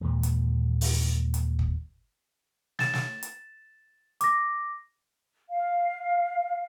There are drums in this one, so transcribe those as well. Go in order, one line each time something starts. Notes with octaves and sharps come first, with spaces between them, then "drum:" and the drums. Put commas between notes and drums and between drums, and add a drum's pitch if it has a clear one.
D#2 A#2 E3 G#3
drum: hi-hat
drum: open hi-hat
drum: hi-hat
drum: kick
A6 E7, drum: snare
drum: snare
drum: hi-hat
D6 A#6, drum: hi-hat
F5